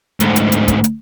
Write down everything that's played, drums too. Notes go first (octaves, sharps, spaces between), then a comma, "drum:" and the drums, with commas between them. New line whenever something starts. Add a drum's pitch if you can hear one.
D2 G#2, drum: hi-hat
drum: hi-hat
drum: hi-hat
drum: kick, hi-hat
drum: hi-hat